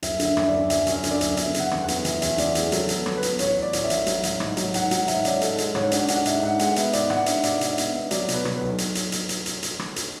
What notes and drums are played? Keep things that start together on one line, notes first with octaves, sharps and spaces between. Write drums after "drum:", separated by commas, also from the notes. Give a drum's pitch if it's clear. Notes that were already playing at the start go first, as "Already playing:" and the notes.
F#1 E5, drum: hi-hat
D3, drum: hi-hat
E5
F#2 E5, drum: rim click
F#2 D5
F#2 E5, drum: hi-hat
F#2, drum: hi-hat
E5
D3, drum: hi-hat
D5
E5
F#1, drum: hi-hat
B3 E5, drum: hi-hat
C#3, drum: hi-hat
F#5
E2, drum: rim click
F#5
B3, drum: hi-hat
E3 E5, drum: hi-hat
E2 E5, drum: hi-hat
C#3 D5, drum: hi-hat
E3 G#4, drum: hi-hat
F#3 A4, drum: hi-hat
B3, drum: hi-hat
A4
B3, drum: rim click
B4
B3, drum: hi-hat
A1 C#5, drum: hi-hat
A1
D5
A1, drum: hi-hat
E5
A1, drum: hi-hat
F#3, drum: hi-hat
A1, drum: hi-hat
G#2, drum: rim click
F#3, drum: hi-hat
G#2 F#5, drum: hi-hat
F#3 F#5, drum: hi-hat
G#2 E5, drum: hi-hat
C#4 D5, drum: hi-hat
G#2 A4, drum: hi-hat
G#3, drum: hi-hat
G#2 C#5, drum: rim click
D4 F#5, drum: hi-hat
D4 F#5, drum: hi-hat
G#2 E5, drum: hi-hat
G#2 F#5
G#3 F#5, drum: hi-hat
B3 E5, drum: hi-hat
G#2 D5, drum: hi-hat
G#2 F#5, drum: rim click
D4 E5, drum: hi-hat
G#2 D5, drum: hi-hat
G#2, drum: hi-hat
E5
B3, drum: hi-hat
B3
F#3 D5, drum: hi-hat
B2, drum: hi-hat
B4
B2, drum: rim click
B4
B1
drum: hi-hat
drum: hi-hat
drum: hi-hat
drum: hi-hat
drum: hi-hat
drum: hi-hat
drum: rim click
drum: hi-hat